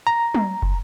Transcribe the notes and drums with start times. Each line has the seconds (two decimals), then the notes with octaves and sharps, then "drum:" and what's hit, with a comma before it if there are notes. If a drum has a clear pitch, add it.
0.07 A#5
0.34 drum: tom
0.62 drum: kick